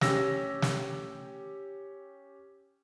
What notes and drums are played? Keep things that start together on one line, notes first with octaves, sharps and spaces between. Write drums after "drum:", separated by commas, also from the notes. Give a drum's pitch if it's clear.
C#4 G4 E6 A#6, drum: snare
drum: snare